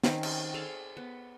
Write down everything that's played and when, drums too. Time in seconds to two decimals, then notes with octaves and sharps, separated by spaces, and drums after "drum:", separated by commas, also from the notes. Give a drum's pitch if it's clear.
0.03 D#3 C4 C#4, drum: snare
0.23 drum: cymbal
0.54 G#4 A4 D5 F5
0.97 B3